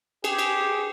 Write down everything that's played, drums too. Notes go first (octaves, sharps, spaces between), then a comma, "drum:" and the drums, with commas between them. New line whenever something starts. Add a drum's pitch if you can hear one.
G4 G#4, drum: cymbal
drum: cymbal